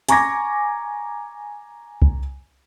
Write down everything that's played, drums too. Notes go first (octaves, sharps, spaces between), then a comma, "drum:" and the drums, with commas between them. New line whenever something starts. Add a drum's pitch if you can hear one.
G#5 A#5 C#6 D6 G#6 A#6, drum: hi-hat
drum: kick C2